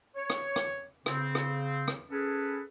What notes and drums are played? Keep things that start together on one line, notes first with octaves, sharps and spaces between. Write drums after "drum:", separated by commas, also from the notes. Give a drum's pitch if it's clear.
C#5
drum: rim click
drum: rim click
C#3 C4, drum: rim click
drum: rim click
drum: rim click
C#4 G#4 A4 B4